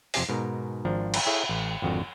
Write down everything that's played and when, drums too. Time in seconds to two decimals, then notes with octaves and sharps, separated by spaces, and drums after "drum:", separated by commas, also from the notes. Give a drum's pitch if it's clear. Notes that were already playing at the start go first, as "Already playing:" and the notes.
0.14 F2 C3 G4 G#5, drum: open hi-hat
0.29 G#2 B2 A#4
0.85 G#1 F3 D4 A#5
1.14 drum: cymbal
1.27 E4 G#4 A4 C#5 E5 F5
1.49 A1
1.82 G#1 F2 D3 F#4